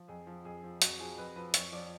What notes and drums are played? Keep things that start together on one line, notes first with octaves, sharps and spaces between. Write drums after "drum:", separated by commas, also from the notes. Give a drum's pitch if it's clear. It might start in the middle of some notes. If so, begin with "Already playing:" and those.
Already playing: F3
F2 G#4
F3
F2 G#4
F3
F2 F#4, drum: hi-hat
F3 G#4
F2 B4
F3 B4
F2 C#5, drum: hi-hat
F3 D5